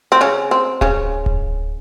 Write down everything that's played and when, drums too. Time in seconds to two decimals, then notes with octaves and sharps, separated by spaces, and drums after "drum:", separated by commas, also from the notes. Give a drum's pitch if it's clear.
0.12 C4
0.21 C#3 C#4
0.51 C4
0.81 C#3 C#4, drum: kick D1
1.26 drum: kick D1